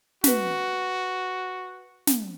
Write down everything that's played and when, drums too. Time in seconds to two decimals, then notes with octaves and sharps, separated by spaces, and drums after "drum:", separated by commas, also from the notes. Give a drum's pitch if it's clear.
0.24 F#4 B4 B6, drum: snare
2.07 drum: snare